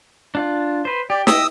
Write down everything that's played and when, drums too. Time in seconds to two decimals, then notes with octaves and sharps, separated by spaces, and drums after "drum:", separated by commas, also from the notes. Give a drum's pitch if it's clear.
0.35 D4 F4
0.85 B4 C5
1.10 G4 D5
1.27 G4 D#5 D#6 E6, drum: snare